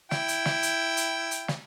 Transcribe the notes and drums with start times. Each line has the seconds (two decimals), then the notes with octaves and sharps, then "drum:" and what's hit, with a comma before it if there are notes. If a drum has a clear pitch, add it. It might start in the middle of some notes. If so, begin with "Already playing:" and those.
0.11 E4 G5, drum: snare
0.28 drum: hi-hat
0.45 drum: snare
0.63 drum: hi-hat
0.97 drum: hi-hat
1.31 drum: hi-hat
1.48 drum: snare